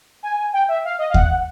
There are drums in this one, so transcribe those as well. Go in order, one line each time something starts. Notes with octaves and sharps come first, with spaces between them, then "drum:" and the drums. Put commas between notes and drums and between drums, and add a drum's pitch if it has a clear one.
G#5
G5
E5
F5
D#5
F5
F#5, drum: kick D#2